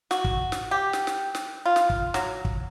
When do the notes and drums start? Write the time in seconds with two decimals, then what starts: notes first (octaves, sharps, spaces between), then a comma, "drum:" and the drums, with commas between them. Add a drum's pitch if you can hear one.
0.11 F#4, drum: snare
0.24 drum: kick
0.52 drum: snare
0.71 G4
0.93 drum: snare
1.07 drum: snare
1.35 drum: snare
1.66 F4
1.76 drum: snare
1.90 drum: kick
2.14 F#3, drum: snare
2.45 drum: kick